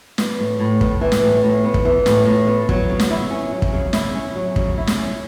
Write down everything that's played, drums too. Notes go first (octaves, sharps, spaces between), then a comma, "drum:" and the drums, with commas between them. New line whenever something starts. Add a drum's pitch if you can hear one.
E3, drum: snare
A2
A2
B3, drum: kick
E3
drum: snare
A2
A2
B3
drum: kick
E3
A2, drum: snare
A2
B3
F#3, drum: kick
C#3
drum: snare
E4
C#4
F#3
drum: kick
C#3
E4, drum: snare
C#4
F#3
C#3, drum: kick
E4
drum: snare
C#4